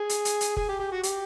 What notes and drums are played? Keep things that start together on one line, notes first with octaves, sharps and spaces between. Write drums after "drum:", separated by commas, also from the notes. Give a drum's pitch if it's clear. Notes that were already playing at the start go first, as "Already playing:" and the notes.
Already playing: G#4
drum: hi-hat
drum: hi-hat
drum: hi-hat
G#4, drum: kick F1
G4
G4
F#4
G4, drum: hi-hat